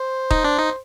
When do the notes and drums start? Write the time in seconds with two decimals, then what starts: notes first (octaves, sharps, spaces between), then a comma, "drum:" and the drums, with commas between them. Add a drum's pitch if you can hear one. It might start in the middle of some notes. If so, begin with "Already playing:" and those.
Already playing: C5
0.31 D#4, drum: kick D#1
0.44 D4
0.59 D#4